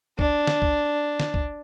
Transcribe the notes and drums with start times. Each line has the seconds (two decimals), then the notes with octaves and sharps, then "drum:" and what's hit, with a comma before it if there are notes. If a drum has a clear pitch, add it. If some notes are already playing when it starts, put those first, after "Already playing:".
0.19 D4, drum: kick
0.47 drum: snare
0.62 drum: kick
1.20 drum: snare
1.34 drum: kick